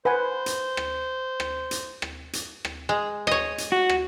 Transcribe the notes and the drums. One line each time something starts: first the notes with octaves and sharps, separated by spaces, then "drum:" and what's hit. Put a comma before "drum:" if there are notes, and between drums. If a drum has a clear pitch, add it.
B4 C5 F#5 G#5
drum: hi-hat
drum: rim click
drum: rim click
drum: hi-hat
drum: rim click
drum: hi-hat
drum: rim click
G#3
C#5 D#5, drum: rim click
drum: hi-hat
F#4
drum: rim click